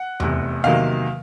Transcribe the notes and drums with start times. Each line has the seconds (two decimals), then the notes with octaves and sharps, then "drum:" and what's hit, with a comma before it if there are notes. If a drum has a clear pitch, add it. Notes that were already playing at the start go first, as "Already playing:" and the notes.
Already playing: F#5
0.20 F1 E2 C3, drum: tom E2
0.64 E2 C3 D#3 F#3 A#3 F5